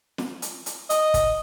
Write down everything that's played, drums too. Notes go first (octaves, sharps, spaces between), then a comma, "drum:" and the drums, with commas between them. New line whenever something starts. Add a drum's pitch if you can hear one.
drum: snare
drum: hi-hat
drum: hi-hat
D#5, drum: hi-hat
drum: kick, hi-hat